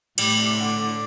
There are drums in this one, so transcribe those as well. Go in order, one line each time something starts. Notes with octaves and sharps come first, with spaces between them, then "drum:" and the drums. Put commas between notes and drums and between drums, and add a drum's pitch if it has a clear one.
A2 G3, drum: cymbal
C3
D3
D3